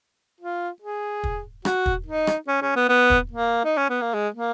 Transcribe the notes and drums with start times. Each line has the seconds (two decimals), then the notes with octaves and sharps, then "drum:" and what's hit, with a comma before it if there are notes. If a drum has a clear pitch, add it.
0.41 F4
0.82 G#4
1.24 drum: kick
1.65 F#4, drum: rim click
1.86 drum: kick
2.06 D#4
2.27 drum: rim click
2.48 C#4
2.62 C#4
2.76 B3
2.89 B3
3.10 drum: kick
3.31 A#3
3.65 D#4
3.77 C#4
3.90 B3
4.01 A#3
4.14 G#3
4.34 A#3